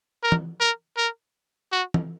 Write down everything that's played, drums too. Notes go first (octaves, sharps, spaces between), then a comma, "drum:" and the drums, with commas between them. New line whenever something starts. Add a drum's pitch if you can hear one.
A#4
drum: tom E3
A#4
A#4
F#4
drum: tom E3